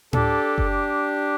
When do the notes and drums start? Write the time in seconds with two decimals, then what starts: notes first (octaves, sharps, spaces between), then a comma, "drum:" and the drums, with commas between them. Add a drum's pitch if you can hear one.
0.13 D4 G4 A4, drum: tom A2
0.58 drum: kick F#1